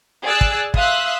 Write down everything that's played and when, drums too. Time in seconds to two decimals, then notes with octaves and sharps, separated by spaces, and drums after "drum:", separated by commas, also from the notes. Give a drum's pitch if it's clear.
0.23 G#4 D5 E6 F#6
0.41 drum: kick
0.74 E5 F5 C6 D#6 E6 F#6, drum: kick